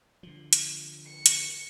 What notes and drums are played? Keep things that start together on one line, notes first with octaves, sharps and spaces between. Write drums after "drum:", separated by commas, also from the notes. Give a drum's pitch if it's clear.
D3 F3
drum: hi-hat
C#7
drum: hi-hat